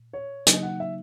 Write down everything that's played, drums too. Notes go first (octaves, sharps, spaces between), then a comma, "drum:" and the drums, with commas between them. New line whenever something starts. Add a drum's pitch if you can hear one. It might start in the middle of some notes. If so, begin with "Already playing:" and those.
Already playing: A#2
C#5
C#3 F#3 A#3 D#4 D#5, drum: hi-hat
F#5
E5